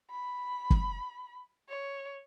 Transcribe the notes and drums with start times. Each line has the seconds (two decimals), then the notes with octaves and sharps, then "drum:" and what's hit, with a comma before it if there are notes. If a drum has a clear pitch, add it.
0.11 B5
0.71 drum: kick
1.69 C#5